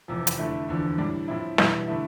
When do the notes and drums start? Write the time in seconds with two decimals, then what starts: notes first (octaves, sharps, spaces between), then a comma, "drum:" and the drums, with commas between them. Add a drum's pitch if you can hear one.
0.08 F1 E2 C3 F3
0.27 drum: hi-hat
0.37 F2 D3 A3 E4
0.68 E1 E2 D3 F3
0.98 A2 G3 D4
1.28 A2 F3 C4 E4
1.58 E2 B2 G3 B3 E4, drum: snare
1.88 D3 A3 E4